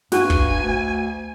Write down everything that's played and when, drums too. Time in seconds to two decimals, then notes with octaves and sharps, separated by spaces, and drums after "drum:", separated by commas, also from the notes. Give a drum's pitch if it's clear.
0.12 G2 F#4 G#5, drum: snare
0.30 drum: kick
0.63 D2